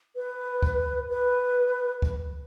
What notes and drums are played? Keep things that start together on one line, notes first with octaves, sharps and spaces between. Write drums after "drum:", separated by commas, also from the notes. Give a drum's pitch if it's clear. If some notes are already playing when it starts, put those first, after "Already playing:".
B4
drum: kick C#2
B4
drum: kick C#2